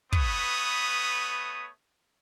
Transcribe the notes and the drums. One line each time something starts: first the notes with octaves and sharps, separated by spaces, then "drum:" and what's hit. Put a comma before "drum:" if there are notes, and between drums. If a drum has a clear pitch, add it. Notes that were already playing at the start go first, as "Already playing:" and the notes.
A3 B3 B4 C#5 D#6, drum: kick